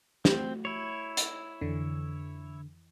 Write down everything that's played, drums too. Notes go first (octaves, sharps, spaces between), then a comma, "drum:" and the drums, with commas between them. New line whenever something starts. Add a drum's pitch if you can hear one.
A3 C4 F#4, drum: snare
E4 C#5
drum: hi-hat
F2 D3 E3